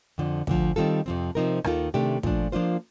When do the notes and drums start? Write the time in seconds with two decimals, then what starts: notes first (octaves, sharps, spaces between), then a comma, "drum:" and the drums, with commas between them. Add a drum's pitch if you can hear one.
0.18 F2 D3 F3
0.47 D2 D3 F3, drum: kick
0.76 D#3 G3 C4 F4 A4
1.06 F2 C3 F3 C4
1.35 C3 F3 C4 D#4 A#4
1.64 D#2 D#3 A#3 F4 A4, drum: rim click
1.94 C3 D#3 A3 D4 G4
2.23 A#2 F3 A3 D4, drum: kick
2.52 F3 A#3 D4 F4 C5